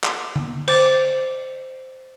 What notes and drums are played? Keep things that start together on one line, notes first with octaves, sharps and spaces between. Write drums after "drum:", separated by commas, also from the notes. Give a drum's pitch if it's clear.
drum: clap
drum: tom D3
C5 D6 A6, drum: cymbal